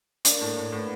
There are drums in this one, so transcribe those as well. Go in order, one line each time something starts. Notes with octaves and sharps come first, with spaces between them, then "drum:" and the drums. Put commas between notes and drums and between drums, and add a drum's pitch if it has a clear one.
A#3 D4, drum: hi-hat
A2
A2
A2 B3